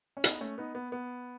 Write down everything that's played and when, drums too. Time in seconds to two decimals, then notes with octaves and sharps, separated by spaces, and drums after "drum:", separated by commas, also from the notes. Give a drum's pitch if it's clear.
0.17 C#4
0.24 B3 D#4, drum: hi-hat
0.41 A3 C#4
0.58 B3 D#4
0.75 B3
0.92 B3